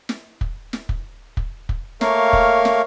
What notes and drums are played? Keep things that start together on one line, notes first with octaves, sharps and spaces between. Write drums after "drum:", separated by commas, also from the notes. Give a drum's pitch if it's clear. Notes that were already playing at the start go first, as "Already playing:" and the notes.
drum: snare
drum: kick
drum: snare
drum: kick
drum: kick
drum: kick
A3 A#3 A#4 C#5 F5, drum: snare
drum: kick
drum: snare